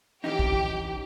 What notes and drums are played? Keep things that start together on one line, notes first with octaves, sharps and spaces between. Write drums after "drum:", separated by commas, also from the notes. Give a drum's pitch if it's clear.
E3 C#4 D#4 G4
drum: kick